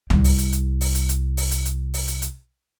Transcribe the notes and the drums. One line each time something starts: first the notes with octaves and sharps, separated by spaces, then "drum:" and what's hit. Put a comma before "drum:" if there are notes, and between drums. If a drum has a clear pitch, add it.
C2 G3, drum: tom C#2
drum: open hi-hat
drum: hi-hat
drum: hi-hat
drum: open hi-hat
drum: hi-hat
drum: hi-hat
drum: open hi-hat
drum: hi-hat
drum: hi-hat
drum: open hi-hat
drum: hi-hat
drum: hi-hat